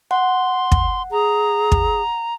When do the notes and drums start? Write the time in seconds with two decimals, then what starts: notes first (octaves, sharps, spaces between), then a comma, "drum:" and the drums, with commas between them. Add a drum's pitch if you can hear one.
0.11 F#5 C6
0.72 drum: kick
1.12 G#4 A#5
1.72 drum: kick